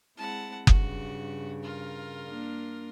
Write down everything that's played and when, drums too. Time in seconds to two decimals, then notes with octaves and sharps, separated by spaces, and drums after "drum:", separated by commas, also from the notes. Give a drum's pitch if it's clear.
0.17 G#3 C4 E4 F#5 A5
0.67 G2 C#3 F#4, drum: kick F#1
1.63 F4 A#4
2.26 A#3 D4